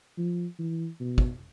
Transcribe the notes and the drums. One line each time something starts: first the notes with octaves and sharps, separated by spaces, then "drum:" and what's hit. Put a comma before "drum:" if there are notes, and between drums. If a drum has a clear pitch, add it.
F3
E3
B2
drum: kick